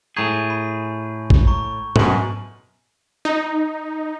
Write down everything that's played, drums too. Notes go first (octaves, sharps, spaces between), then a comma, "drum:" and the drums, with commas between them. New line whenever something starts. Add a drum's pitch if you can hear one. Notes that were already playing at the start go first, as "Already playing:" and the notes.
A2 G#4 A#5 C#6 G6
B5
drum: kick
A#5 C#6
F#2 B2 G#5 F#7, drum: tom G#2
D#4